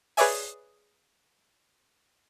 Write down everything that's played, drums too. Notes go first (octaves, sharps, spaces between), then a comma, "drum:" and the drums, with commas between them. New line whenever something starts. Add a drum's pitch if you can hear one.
G#4 B4 C#5 D5 E5 G#5, drum: open hi-hat